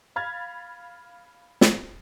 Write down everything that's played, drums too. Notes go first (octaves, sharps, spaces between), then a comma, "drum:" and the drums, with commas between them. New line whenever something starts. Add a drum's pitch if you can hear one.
F5 B5 F6 G#6 A6
drum: snare